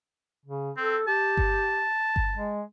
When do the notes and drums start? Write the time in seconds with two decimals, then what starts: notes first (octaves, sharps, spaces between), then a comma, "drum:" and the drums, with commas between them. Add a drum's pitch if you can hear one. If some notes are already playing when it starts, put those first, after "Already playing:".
0.46 C#3
0.77 C4 A4
1.08 G4 A5
1.37 drum: kick G1
2.16 drum: kick G1
2.35 G#3